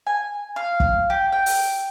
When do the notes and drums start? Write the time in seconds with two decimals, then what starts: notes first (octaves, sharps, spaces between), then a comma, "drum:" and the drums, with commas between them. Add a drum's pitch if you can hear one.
0.07 G#5
0.56 F5
0.80 drum: kick
1.10 G4
1.32 G5
1.46 drum: open hi-hat